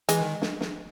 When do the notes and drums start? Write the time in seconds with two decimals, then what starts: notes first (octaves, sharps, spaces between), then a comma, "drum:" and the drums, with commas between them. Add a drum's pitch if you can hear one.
0.09 E3 G#3, drum: hi-hat
0.21 D#3
0.42 drum: snare
0.61 drum: snare